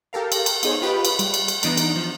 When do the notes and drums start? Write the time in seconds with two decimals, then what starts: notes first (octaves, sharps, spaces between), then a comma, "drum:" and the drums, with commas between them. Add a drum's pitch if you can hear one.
0.13 G4 A4 A#4 F5
0.32 drum: cymbal
0.46 drum: cymbal
0.63 B3 D#4 G#4 C5 C#5, drum: cymbal
0.82 F4 G4 B4 D#5 B5
1.05 drum: cymbal
1.19 G3, drum: cymbal
1.34 drum: cymbal
1.48 drum: cymbal
1.63 E3 B3 D4 D#4 A#5 D7, drum: cymbal
1.77 drum: cymbal
1.96 F3